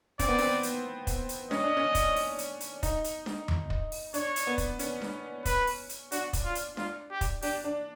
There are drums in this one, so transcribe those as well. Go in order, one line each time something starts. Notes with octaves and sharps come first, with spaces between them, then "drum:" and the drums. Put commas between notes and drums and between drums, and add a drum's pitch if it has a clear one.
C4 D5, drum: kick, hi-hat
B3
C4, drum: open hi-hat
drum: hi-hat
drum: kick, hi-hat
drum: hi-hat
C#4 D#5, drum: snare D4
D4
C#4
drum: kick, hi-hat
drum: open hi-hat
drum: hi-hat
drum: hi-hat
D#4, drum: kick, hi-hat
drum: hi-hat
drum: snare D4
drum: tom E2
drum: kick
drum: open hi-hat
D4 C#5, drum: hi-hat
drum: hi-hat
B3
drum: kick, hi-hat
C#4, drum: hi-hat
drum: snare D4
B4, drum: kick, hi-hat
drum: open hi-hat
drum: hi-hat
D4 F#4, drum: hi-hat
drum: kick, hi-hat
F4
drum: hi-hat
F4, drum: snare D4
G4
drum: kick, hi-hat
D4 G4, drum: open hi-hat
D4